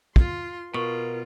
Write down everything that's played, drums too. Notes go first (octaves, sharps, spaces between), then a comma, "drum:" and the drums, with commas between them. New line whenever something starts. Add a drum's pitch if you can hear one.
F4 C6, drum: kick
B2 F4 A#4 C#6